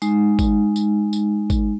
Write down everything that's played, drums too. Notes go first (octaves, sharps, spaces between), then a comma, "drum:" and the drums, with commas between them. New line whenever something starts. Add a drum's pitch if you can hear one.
G#3 D#4, drum: tambourine
drum: kick G#1, tambourine
drum: tambourine
drum: tambourine
drum: kick G#1, tambourine